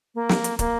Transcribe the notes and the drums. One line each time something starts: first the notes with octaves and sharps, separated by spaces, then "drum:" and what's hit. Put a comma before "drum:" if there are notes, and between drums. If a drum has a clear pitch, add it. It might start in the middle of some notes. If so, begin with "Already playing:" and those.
A#3
drum: snare
drum: hi-hat
A#3, drum: kick, hi-hat